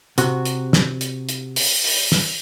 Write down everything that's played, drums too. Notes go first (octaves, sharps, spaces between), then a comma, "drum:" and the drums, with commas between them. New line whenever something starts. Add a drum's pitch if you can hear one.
C3 F#4, drum: hi-hat
drum: hi-hat
drum: snare
drum: hi-hat
drum: hi-hat
drum: open hi-hat
drum: open hi-hat
drum: snare